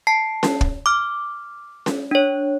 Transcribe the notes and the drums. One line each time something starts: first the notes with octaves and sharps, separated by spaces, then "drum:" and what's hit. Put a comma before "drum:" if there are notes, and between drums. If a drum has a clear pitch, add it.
A5 C7
drum: snare C#4
drum: kick
D6 F6
drum: snare C#4
D4 C#5